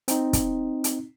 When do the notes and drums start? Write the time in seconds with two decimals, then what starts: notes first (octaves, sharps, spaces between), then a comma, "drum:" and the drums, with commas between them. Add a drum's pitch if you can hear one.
0.08 C4 D#4, drum: hi-hat
0.33 drum: kick, hi-hat
0.84 drum: hi-hat